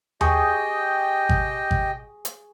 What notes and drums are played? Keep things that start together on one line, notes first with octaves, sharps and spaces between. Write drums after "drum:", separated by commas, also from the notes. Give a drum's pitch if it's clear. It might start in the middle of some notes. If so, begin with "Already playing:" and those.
G4 G#4 D#5 G5 C#6, drum: tom D#2
drum: kick G#1
drum: kick G#1
drum: hi-hat